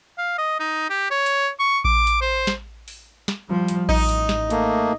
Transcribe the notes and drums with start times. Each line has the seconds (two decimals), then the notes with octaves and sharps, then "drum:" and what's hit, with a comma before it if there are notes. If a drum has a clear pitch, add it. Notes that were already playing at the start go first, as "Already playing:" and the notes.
0.18 F5
0.38 D#5
0.60 D#4
0.90 G4
1.11 C#5
1.26 drum: hi-hat
1.59 C#6
1.84 D6, drum: kick A#1
2.07 drum: hi-hat
2.21 C5
2.47 drum: snare
2.88 drum: open hi-hat
3.28 drum: snare
3.49 F3 G3
3.68 drum: hi-hat
3.89 A1 D#4, drum: kick A#1
4.09 drum: hi-hat
4.29 drum: snare
4.50 A3 A#3, drum: hi-hat